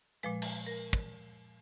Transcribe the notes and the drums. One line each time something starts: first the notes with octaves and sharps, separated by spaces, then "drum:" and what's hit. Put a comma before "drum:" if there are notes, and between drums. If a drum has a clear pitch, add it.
A#2 F3 G#3 B4
drum: cymbal
A#4
drum: kick